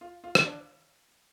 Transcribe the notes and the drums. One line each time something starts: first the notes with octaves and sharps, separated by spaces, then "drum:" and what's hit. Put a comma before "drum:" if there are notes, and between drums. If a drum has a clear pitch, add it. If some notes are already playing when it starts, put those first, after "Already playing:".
F4
F4
drum: rim click
D4